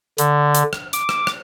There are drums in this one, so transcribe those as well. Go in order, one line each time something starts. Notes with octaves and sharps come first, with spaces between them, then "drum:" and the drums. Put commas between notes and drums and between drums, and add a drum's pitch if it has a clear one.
D3, drum: hi-hat
drum: hi-hat
drum: rim click
D6, drum: hi-hat
drum: rim click
drum: rim click